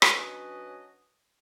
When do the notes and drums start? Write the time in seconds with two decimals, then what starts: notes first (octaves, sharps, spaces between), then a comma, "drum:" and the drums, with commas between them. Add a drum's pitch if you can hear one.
0.02 F#3 C#4 D4 B4 D#5, drum: rim click